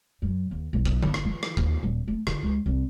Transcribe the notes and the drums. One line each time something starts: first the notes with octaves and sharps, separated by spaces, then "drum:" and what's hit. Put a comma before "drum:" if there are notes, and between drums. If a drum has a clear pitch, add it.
F#2
D#2
B1
drum: kick
G1, drum: tom D3
drum: rim click
E3
drum: rim click
D#2, drum: kick
D#1
A3
D3, drum: rim click
C#2
C2